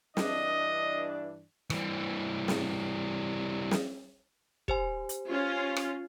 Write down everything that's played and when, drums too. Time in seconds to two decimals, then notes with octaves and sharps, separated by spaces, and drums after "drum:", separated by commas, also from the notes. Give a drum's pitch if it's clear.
0.17 G2 E3 D4 D#5, drum: snare
1.70 E3 G3, drum: rim click
2.48 drum: snare
3.71 drum: snare
4.68 G4 C5 G#5, drum: kick
5.09 drum: hi-hat
5.29 C#4 F4
5.76 drum: rim click